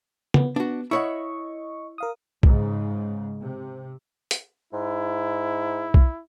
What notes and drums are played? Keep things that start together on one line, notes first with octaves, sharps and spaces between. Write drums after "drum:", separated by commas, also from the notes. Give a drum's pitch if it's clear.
B3, drum: tom
B3 D4 F#4
E4 C#5 D#5 F#5 C#6
A#4 F5 D#6
G#2 C#3, drum: kick B1
C3
drum: hi-hat
G#2 E4
drum: kick B1